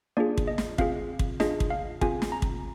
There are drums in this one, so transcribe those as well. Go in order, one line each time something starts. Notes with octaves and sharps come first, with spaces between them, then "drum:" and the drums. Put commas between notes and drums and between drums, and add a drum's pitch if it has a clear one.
A#3 D4 F4 G#4 D5
drum: kick
D#5
drum: snare
C4 F4 G#4 F5, drum: kick
drum: kick
D4 F4 G#4 D#5, drum: snare
drum: kick
F5
C4 F4 G#4 G#5, drum: kick
drum: snare
A#5
drum: kick